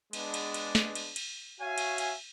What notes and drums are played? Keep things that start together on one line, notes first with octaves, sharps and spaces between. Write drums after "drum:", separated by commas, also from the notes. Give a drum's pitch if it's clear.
G#3 B3 D4, drum: cymbal
drum: cymbal
drum: cymbal
drum: snare
drum: cymbal
drum: cymbal
F#4 C#5 E5 F5 G#5
drum: cymbal
drum: cymbal